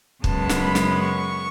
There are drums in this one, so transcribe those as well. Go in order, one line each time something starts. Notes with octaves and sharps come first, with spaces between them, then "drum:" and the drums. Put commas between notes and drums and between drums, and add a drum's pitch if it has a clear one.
F#2 C#3 G#3 B3 A5, drum: kick
drum: snare
B5
drum: snare
C#6